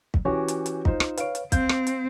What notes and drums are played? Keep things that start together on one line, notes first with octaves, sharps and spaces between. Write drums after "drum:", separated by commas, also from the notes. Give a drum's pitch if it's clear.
drum: kick
E3 C#4 F#4 G4 C#5 G#5
drum: hi-hat
drum: hi-hat
D#4 F4 C5, drum: kick
drum: rim click
B4 C#5 F5 D7, drum: hi-hat
drum: hi-hat
C4 F5 G6, drum: kick, hi-hat
drum: rim click
drum: hi-hat